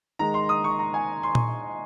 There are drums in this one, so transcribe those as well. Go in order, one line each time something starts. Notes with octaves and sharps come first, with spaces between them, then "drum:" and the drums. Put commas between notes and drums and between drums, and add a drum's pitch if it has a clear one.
D#3 G#3 A#5
C6
D#6
C#6
A#5
G#5
C6
drum: tom A#2